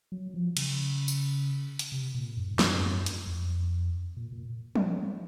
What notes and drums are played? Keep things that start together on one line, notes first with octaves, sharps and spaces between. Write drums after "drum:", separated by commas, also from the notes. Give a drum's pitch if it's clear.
F#3
F3
C#3, drum: cymbal
drum: tambourine
drum: hi-hat
C3
A#2
F#2
G#2
F#2, drum: snare
drum: hi-hat
F2
A#2
A#2
drum: tom